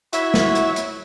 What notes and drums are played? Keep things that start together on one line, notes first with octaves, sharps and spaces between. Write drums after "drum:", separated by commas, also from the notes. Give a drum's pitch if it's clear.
E4 F#4 C#5 E5, drum: hi-hat
drum: snare
drum: hi-hat
drum: hi-hat